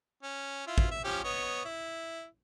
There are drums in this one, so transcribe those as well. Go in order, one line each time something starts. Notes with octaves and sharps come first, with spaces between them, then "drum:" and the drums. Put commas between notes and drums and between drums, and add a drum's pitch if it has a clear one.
C#4
E4 F4
drum: kick
E5
F3 C#4 G4
B3 C#5 D#5
E4